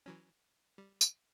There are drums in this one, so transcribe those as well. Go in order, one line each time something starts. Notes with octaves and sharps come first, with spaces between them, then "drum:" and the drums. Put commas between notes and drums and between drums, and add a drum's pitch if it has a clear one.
E3 F#3 C#4
G3
drum: tambourine